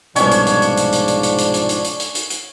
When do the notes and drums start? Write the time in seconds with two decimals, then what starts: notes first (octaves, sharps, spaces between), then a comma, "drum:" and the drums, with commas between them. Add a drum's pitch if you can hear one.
0.16 C2 G#2 B2 F3 C#4 D4 C#5, drum: hi-hat
0.31 drum: hi-hat
0.46 drum: hi-hat
0.62 drum: hi-hat
0.77 drum: hi-hat
0.92 drum: hi-hat
1.08 drum: hi-hat
1.23 drum: hi-hat
1.38 drum: hi-hat
1.54 drum: hi-hat
1.69 drum: hi-hat
1.84 drum: hi-hat
2.00 drum: hi-hat
2.15 drum: hi-hat
2.30 drum: hi-hat